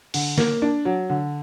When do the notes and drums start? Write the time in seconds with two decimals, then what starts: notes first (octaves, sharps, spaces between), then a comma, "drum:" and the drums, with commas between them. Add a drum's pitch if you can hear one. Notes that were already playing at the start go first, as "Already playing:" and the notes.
0.14 D3, drum: open hi-hat
0.38 A#3, drum: snare
0.62 D4
0.85 F#3
1.10 D3